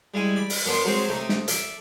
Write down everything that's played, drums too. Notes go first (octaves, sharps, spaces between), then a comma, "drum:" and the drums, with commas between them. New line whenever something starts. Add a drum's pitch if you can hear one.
G3 G#3 E4 G#5
D5 B5
drum: open hi-hat
F#2 B3 D4 C6
F#3 G#3 C4 C5
C3 A3 D#4
drum: snare
A4 D5 E5, drum: hi-hat